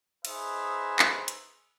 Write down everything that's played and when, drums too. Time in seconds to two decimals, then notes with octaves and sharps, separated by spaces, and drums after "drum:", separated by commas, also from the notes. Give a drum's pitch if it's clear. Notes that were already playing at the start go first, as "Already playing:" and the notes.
0.25 D#4 G#4 B4 C5 D#5 E5, drum: cymbal
0.99 drum: clap
1.28 drum: hi-hat